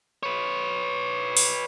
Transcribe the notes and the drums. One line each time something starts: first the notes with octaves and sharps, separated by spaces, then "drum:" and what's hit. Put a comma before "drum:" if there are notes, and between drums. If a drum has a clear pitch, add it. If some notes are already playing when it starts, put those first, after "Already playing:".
B4 C#5
drum: open hi-hat